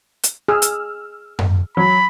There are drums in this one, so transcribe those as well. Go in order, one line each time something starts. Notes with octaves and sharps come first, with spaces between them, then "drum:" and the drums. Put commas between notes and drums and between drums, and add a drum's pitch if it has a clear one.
drum: hi-hat
G#4 E6 F6
drum: hi-hat
drum: tom F#2
F#3 B5